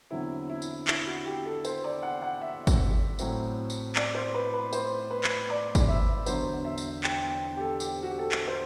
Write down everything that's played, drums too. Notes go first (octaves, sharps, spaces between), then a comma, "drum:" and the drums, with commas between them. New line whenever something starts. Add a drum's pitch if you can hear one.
E2 D3 F#3 C4 E4
E4
drum: tambourine
E4, drum: clap
F#4
G4
A4
C5, drum: tambourine
D5
F#5
F#5
E5
drum: kick, tambourine
A2 F#3 C4 E4, drum: tambourine
drum: tambourine
D5, drum: clap
C5
B4
B4
C5, drum: tambourine
B4
drum: clap
D5
drum: kick, tambourine
E5
E1 E2 D3 F#3 C5, drum: tambourine
E5
drum: tambourine
G5, drum: clap
G5
G4
A4
G4, drum: tambourine
F#4
G4
A4
drum: clap
C5